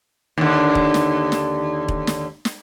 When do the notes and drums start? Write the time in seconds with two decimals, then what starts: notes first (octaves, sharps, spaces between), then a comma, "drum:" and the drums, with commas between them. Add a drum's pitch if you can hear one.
0.38 D#2 D3
0.75 drum: kick E1
0.94 drum: snare
1.32 drum: snare
1.88 drum: kick E1
2.07 drum: snare
2.45 drum: snare